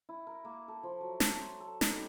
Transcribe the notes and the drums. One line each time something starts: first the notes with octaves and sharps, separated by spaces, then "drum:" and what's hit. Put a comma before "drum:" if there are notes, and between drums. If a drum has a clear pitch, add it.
E4
A#4
A#3
A4
F3
F#3
A4, drum: snare
C6
A4
D#4, drum: snare
G3